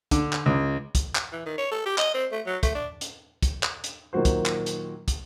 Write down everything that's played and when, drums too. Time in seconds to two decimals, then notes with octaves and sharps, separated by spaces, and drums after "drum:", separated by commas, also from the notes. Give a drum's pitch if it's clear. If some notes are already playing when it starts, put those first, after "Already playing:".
0.11 D3, drum: kick, hi-hat
0.33 drum: clap
0.46 C#2
0.95 drum: kick, hi-hat
1.15 drum: clap
1.32 E3
1.46 D#3
1.58 C#5
1.71 A4
1.86 G4
1.98 D#5, drum: clap
2.14 C4
2.32 A3
2.46 F#3
2.63 A3, drum: kick, hi-hat
2.75 D4
3.01 drum: hi-hat
3.42 drum: kick, hi-hat
3.63 drum: clap
3.84 drum: hi-hat
4.13 A#2 D#3 F#3 F#4 C5
4.25 drum: kick, hi-hat
4.46 drum: clap
4.66 drum: hi-hat
5.08 drum: kick, hi-hat